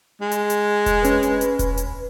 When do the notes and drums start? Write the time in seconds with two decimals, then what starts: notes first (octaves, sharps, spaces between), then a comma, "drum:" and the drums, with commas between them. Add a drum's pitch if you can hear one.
0.21 G#3
0.31 drum: hi-hat
0.50 drum: hi-hat
0.86 drum: kick E1, hi-hat
1.04 C#4 B4, drum: hi-hat
1.23 drum: hi-hat
1.41 drum: hi-hat
1.59 drum: kick E1, hi-hat
1.77 drum: hi-hat